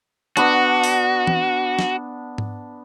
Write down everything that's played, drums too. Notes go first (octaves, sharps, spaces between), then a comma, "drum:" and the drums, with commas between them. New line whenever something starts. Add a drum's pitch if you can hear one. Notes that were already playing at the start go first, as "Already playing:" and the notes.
B3 D4 F#4, drum: hi-hat
drum: open hi-hat
drum: tom E3
drum: snare
drum: tom G#2